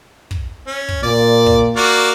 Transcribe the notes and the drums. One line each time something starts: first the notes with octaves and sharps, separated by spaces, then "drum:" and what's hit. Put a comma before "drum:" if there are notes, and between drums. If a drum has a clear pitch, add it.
drum: kick
C#4
drum: kick
A#2 D5
drum: kick
A#3 F#4 D5